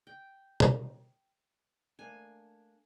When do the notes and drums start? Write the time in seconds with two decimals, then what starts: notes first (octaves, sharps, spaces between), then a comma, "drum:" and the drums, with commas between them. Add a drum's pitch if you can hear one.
0.07 G5
0.60 drum: tom
1.99 A3 A#3 D4 G#5